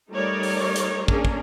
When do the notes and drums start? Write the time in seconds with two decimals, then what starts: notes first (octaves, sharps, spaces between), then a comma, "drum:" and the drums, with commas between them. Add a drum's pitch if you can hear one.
0.12 G3 A3 D#4 A#4 C#5 D5
0.43 drum: open hi-hat
0.76 drum: hi-hat
1.08 A#3 C#4 D4 G#4 A#4, drum: kick
1.25 drum: kick